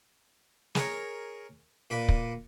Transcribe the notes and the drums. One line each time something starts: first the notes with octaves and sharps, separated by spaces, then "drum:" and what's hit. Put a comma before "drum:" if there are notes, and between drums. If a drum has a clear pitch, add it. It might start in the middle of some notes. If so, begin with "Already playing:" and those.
G#4 A#4 C#5, drum: snare
A#2 B4 D5 B5
drum: kick